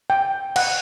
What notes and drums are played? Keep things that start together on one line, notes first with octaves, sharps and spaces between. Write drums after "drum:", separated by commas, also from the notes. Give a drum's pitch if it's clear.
G5
F#5, drum: cymbal